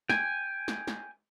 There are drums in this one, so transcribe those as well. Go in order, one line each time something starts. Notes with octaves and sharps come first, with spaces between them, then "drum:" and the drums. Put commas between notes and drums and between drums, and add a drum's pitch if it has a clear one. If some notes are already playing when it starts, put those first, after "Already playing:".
G5 G#5, drum: snare
drum: snare
drum: snare